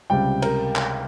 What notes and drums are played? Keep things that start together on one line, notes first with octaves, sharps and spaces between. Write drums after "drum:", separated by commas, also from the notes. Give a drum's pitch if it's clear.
C#2 C3 G3 G5
A#4, drum: cymbal
drum: clap